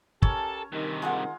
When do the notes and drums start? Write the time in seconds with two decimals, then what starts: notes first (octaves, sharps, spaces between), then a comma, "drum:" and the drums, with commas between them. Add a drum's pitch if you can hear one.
0.22 C#4 G4 A4 A#4 C#5 A5, drum: kick
0.73 G2 C3 D#3
1.02 G#3 F4 F#5 A#5 C6